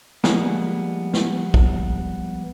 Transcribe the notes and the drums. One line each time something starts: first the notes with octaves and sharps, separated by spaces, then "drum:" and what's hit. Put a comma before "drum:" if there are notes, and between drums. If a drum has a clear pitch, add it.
F3 G3 G#3 A#3 B3, drum: snare
drum: snare
drum: kick